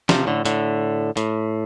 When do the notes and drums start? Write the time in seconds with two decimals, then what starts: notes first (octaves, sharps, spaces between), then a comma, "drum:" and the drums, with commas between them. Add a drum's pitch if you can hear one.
0.09 C3 F3, drum: snare
0.27 A2 D3
0.45 A2 D3, drum: hi-hat
1.17 A2, drum: hi-hat